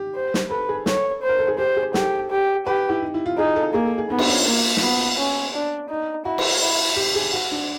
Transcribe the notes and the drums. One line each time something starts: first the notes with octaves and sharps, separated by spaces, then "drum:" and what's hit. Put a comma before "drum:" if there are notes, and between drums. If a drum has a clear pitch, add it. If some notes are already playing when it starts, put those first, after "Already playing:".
Already playing: G4
C5
drum: snare
A4 B4
G#4
A4 C#5, drum: snare
C5
A#4
A4
G#4
G4 C5
G#4
G4 A4, drum: snare
G4
G4 B4
E4
D#4
E4
F4
D#4 G#4
A4
A#3 G#4
A4
G#4
B3 D#4
D4, drum: cymbal
C#4
F4
A#3
F4, drum: snare
B3 F#4
C#4
D4
D#4
E4 F#4
drum: cymbal
E4
G4
G#4
F#4
D4